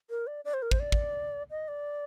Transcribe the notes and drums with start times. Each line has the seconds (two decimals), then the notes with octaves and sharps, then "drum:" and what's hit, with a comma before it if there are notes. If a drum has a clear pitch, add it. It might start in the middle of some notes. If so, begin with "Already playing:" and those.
0.10 A#4
0.27 D5
0.45 D5
0.54 C5
0.62 A#4
0.71 C5, drum: kick
0.80 D5
0.92 drum: kick
1.51 D#5
1.68 D5